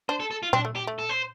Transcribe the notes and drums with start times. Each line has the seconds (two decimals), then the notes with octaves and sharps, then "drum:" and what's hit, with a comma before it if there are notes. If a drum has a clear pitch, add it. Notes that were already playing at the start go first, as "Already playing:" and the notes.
0.09 D4 C5
0.20 A4
0.31 A4
0.43 F4
0.53 C4 D4, drum: tom A#2
0.65 A3
0.76 G4
0.87 A3
0.99 A4
1.09 C5